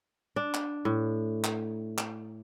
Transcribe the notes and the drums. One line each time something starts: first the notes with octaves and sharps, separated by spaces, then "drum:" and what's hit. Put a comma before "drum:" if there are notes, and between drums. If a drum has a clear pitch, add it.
D4
drum: clap
A2
drum: clap
drum: clap